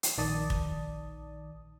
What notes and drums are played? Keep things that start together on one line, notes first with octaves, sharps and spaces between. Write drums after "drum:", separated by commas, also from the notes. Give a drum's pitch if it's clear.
drum: hi-hat
A#1 D#3 D5 A5 D#6
drum: kick